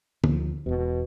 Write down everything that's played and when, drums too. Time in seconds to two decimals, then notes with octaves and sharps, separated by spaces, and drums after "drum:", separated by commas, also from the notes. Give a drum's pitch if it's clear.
0.24 D2 F3, drum: tom D3
0.66 E1 E2 B2